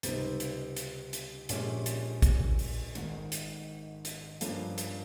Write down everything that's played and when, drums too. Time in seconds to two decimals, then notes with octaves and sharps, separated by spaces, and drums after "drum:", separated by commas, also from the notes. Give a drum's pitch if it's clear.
0.03 C#2 C3 G3 C4 D#4, drum: hi-hat
0.40 drum: hi-hat
0.77 drum: hi-hat
1.13 drum: hi-hat
1.49 A#1 A#2 G#3 C#4 G4, drum: hi-hat
1.86 drum: hi-hat
2.22 drum: kick A1, hi-hat
2.59 drum: open hi-hat
2.95 G#1 G#2 D#3, drum: hi-hat
3.32 drum: hi-hat
4.05 drum: hi-hat
4.41 G2 F3 A#3 C#4, drum: hi-hat
4.78 drum: hi-hat